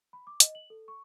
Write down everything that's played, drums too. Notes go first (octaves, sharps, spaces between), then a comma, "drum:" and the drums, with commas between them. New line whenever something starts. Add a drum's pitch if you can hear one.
B5
D6
D#5, drum: hi-hat
F#7
A4
C#6